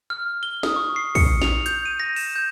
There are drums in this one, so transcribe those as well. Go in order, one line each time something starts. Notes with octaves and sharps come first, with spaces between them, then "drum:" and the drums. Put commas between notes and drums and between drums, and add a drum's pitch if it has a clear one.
F6
G7
D#6, drum: snare
C#6
C7
C#7, drum: kick, open hi-hat
F7, drum: snare
G6, drum: hi-hat
D#7
A#6
E7, drum: open hi-hat
G6